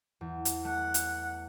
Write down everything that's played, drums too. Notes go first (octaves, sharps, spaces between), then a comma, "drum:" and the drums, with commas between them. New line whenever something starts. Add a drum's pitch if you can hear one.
E2
drum: hi-hat
A3 F#5
drum: hi-hat